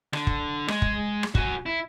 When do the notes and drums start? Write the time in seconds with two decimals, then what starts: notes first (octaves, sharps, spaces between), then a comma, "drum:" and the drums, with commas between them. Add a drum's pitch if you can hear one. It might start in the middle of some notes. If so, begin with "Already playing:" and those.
0.13 D3, drum: rim click
0.27 drum: kick
0.68 G#3, drum: rim click
0.82 drum: kick
1.23 drum: rim click
1.35 F#4 G#5, drum: kick
1.66 E4